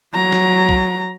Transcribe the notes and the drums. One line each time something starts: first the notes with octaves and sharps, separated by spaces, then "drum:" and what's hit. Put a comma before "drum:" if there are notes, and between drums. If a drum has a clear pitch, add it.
F#3 A#5
drum: snare
drum: kick B1